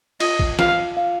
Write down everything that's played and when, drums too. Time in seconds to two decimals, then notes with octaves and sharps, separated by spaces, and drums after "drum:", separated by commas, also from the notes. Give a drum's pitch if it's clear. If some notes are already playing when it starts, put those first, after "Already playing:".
0.20 F4 D#5, drum: cymbal
0.39 drum: kick
0.59 F4 F5, drum: snare
0.97 F5